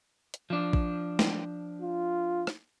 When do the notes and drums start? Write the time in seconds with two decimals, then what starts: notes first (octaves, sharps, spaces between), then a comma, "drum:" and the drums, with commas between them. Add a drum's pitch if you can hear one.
0.34 drum: hi-hat
0.50 F3 D4
0.73 drum: kick
1.19 drum: snare
1.82 F4
2.47 drum: rim click